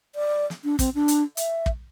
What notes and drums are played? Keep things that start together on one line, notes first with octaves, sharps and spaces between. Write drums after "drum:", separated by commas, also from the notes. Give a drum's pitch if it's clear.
D5
drum: snare
D4
C4, drum: kick, hi-hat
D4
drum: hi-hat
E5, drum: hi-hat
drum: kick